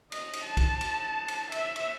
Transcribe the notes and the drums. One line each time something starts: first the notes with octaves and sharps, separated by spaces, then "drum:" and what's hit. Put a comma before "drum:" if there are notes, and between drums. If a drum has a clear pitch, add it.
D#5, drum: cymbal
drum: cymbal
A5
drum: kick, cymbal
drum: cymbal
drum: cymbal
E5, drum: cymbal
drum: cymbal